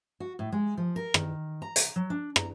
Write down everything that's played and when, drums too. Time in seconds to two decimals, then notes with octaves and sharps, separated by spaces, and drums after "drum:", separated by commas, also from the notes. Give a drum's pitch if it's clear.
0.20 F#4
0.39 A2
0.52 G#3
0.77 F3
0.96 A#4
1.14 D#3, drum: rim click
1.62 A#5
1.76 drum: hi-hat
1.96 F#3
2.10 D4
2.36 A#5, drum: rim click